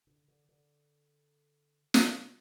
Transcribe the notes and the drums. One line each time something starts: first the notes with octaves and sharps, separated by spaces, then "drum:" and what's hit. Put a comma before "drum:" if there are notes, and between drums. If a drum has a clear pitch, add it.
D3
D3
D3
C3, drum: snare